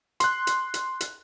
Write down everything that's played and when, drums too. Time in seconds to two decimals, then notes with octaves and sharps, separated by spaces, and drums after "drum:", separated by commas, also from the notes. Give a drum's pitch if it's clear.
0.20 C6 F#6, drum: hi-hat
0.47 drum: hi-hat
0.74 drum: hi-hat
1.00 drum: hi-hat